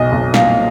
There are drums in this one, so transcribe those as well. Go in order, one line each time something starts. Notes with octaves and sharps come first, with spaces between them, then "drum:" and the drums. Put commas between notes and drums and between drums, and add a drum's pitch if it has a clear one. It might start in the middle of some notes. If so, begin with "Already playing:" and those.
Already playing: B1 D#5
B1
A#2 F5, drum: snare